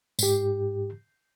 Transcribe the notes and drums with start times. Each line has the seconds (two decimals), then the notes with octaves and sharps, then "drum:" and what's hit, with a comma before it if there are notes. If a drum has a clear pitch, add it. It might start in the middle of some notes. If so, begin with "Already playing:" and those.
0.19 G#2 G4, drum: tambourine